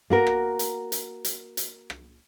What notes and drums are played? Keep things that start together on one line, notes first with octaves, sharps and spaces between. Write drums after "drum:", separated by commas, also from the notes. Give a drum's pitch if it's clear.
A#3 F#4 A#4
drum: rim click
drum: hi-hat
drum: hi-hat
drum: hi-hat
drum: hi-hat
drum: rim click